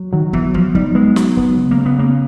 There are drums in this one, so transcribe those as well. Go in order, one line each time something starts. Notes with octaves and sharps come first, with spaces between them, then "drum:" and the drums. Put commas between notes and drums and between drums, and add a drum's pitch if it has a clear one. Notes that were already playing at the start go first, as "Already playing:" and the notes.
Already playing: F#3
D#3 F#3
E3 B3, drum: kick
F3 F#3, drum: kick
G3 D#4, drum: kick
G#3 B3
F#3, drum: snare
B3, drum: kick
C#3
A#3
C#3
B3
C#3 A#3